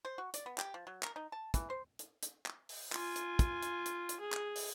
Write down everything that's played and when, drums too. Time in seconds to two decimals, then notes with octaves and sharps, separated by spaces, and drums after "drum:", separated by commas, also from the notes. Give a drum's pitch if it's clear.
0.05 C5
0.18 F#4
0.34 D5, drum: hi-hat
0.46 B3
0.58 G4, drum: clap
0.74 F3
0.87 F#3
1.03 A#4, drum: clap
1.16 D#4
1.32 A5
1.54 E3, drum: kick, hi-hat
1.70 C5
1.99 drum: hi-hat
2.23 drum: hi-hat
2.46 drum: clap
2.69 drum: open hi-hat
2.93 F4 G#5, drum: clap
3.16 drum: hi-hat
3.39 drum: kick, hi-hat
3.62 drum: hi-hat
3.86 drum: hi-hat
4.09 drum: hi-hat
4.20 G#4
4.32 drum: clap
4.56 drum: open hi-hat